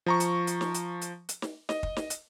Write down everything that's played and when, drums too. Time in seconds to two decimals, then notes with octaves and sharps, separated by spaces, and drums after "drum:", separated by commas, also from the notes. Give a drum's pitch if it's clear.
0.06 F3 A#5 C#6
0.20 drum: hi-hat
0.47 drum: hi-hat
0.61 drum: snare
0.74 drum: hi-hat
1.01 drum: hi-hat
1.29 drum: hi-hat
1.42 drum: snare
1.69 D#5, drum: snare
1.83 drum: kick
1.96 drum: snare
2.10 drum: hi-hat